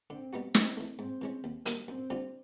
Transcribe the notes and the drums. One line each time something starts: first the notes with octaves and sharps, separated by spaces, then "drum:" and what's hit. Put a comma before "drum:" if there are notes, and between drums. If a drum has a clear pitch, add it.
D3 C4
G3 B3 D#4 F#4
G2 C4, drum: snare
E3 A3
G#2 C4
E3 G#3 C#4
D#2
D#3 G3 A#3 D#4, drum: hi-hat
F#2 C4
D3 G3 C4 F4